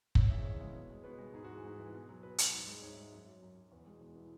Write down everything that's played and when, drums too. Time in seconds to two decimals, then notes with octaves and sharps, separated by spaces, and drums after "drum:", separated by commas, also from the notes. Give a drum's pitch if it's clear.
0.15 E2 C#5, drum: kick
0.29 C#3 G#3 E5
0.44 E2 C#5
0.60 C#3 G#3
0.74 B2
0.90 G#3
1.04 B2 B4
1.18 G#3
1.34 G#2 G#4
1.44 F#4
1.49 E3 G#3 G#4
1.64 G#2
1.78 E3 G#3
1.94 B2
2.09 F#3
2.22 B2 B4
2.38 F#3, drum: hi-hat
2.52 G#2
2.67 G#3
2.82 G#2 C#5
2.92 G#3 E5
3.02 C#5
3.13 F#2
3.27 F#3
3.42 F#2
3.57 F#3
3.72 E2 B4
3.86 B2 G#3
4.01 E2
4.15 B2 G#3 E4